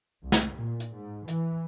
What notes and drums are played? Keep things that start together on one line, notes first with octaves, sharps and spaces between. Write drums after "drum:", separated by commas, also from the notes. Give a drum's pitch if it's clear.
C2
drum: snare
A#2
drum: hi-hat
G#2
E3, drum: hi-hat